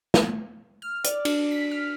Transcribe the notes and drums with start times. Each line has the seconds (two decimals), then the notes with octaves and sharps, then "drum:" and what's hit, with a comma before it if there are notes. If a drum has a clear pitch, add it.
0.14 drum: snare
0.82 F6
1.04 D5, drum: hi-hat
1.25 D4, drum: cymbal
1.51 B6
1.71 F6